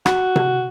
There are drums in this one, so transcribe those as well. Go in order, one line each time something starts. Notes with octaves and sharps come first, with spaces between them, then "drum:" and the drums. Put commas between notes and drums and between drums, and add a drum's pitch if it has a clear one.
F#4, drum: rim click
drum: tom C3